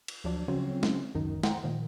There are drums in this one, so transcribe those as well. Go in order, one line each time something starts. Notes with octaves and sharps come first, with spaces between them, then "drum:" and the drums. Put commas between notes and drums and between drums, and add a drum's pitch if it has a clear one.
drum: cymbal
D2 F3 F#3 D4
C#3 F3 F#3 C4 C#4
drum: snare
G1 C#2 F#2 D#3 D#4
C5 F#5 G5 A#5, drum: snare
A#2 D#3 F3